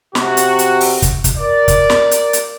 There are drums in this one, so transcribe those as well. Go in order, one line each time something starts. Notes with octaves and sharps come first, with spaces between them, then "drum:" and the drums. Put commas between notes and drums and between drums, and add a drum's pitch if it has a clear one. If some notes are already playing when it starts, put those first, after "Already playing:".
C3 F#4, drum: snare
drum: hi-hat
drum: hi-hat
drum: open hi-hat
drum: kick, hi-hat
drum: kick, hi-hat
A#4 D5
drum: kick, hi-hat
drum: snare
drum: hi-hat
drum: hi-hat